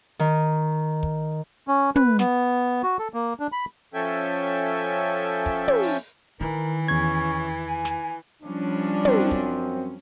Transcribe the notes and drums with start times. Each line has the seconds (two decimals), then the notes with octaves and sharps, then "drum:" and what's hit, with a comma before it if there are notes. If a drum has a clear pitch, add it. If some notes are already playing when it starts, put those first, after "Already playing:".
0.19 D#3
1.03 drum: kick
1.68 C#4
1.96 B4, drum: tom
2.19 B3, drum: snare
2.83 F#4
2.99 A4
3.14 A#3
3.40 D4
3.52 B5
3.94 F3 C#4 A4 E5 G5 G#5
5.46 drum: kick
5.68 drum: tom
5.83 drum: open hi-hat
6.40 D#3 E3 A#4
6.88 E2 C#4 G#6
7.67 G#5
7.85 drum: snare
8.43 F3 G3 C#4 D4
9.05 F#2 C4, drum: tom
9.31 drum: kick